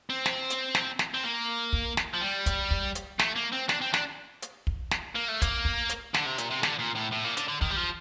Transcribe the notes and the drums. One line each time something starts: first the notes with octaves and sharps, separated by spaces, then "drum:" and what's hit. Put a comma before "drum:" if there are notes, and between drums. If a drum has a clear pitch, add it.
C4
drum: snare
drum: hi-hat
drum: snare
drum: snare
C4
A#3
drum: kick
drum: snare
F3
G3
drum: kick, hi-hat
drum: kick
drum: hi-hat
A3, drum: snare
A#3
C4
D4, drum: snare
C4
D4, drum: snare
drum: hi-hat
drum: kick
drum: snare
A#3
A3
A#3, drum: kick, hi-hat
drum: kick
drum: hi-hat
D3, drum: snare
C3
A#2, drum: hi-hat
C3
D3, drum: snare
A#2
A2
A2
A#2
D3, drum: hi-hat
D3
D#3, drum: kick
G3
F3